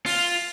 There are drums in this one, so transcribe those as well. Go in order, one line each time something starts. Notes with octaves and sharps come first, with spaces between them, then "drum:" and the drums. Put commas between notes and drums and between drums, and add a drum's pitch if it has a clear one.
F4, drum: open hi-hat